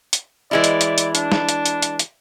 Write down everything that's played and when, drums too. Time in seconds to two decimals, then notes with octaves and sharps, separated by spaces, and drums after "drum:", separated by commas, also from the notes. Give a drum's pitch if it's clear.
0.13 drum: hi-hat
0.51 E3 G#3 E4 D5
0.64 drum: hi-hat
0.81 drum: hi-hat
0.98 drum: hi-hat
1.15 D4, drum: hi-hat
1.32 drum: snare
1.49 drum: hi-hat
1.66 drum: hi-hat
1.82 drum: hi-hat
1.99 drum: hi-hat